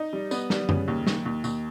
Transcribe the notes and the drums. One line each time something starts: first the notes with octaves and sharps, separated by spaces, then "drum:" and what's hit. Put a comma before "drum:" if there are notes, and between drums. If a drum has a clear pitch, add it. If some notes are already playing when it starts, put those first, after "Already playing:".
Already playing: D#4
G3
B3, drum: tambourine
G3, drum: snare
C#3, drum: tom F#2
D#2
D#2, drum: snare
D#2
D#2, drum: tambourine